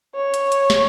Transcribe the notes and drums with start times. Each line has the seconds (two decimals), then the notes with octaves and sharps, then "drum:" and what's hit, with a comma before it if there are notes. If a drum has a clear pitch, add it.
0.15 C#5
0.34 drum: hi-hat
0.52 drum: hi-hat
0.70 drum: snare